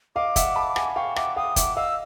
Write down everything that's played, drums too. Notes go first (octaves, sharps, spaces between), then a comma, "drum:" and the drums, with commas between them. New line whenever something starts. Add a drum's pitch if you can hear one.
D#5 F5 D6
E5 F#5, drum: kick, hi-hat
A5 B5
F#5 G#5, drum: rim click
F5 G5 C#6
E5 F#5 D6, drum: rim click
F5 G5 D#6
E5 F#5 D6, drum: kick, hi-hat
D#5 F5 E6